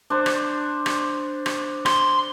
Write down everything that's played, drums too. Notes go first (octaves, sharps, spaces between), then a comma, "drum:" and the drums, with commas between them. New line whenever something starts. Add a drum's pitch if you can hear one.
D4 C5
drum: rim click
drum: rim click
drum: rim click
C6, drum: rim click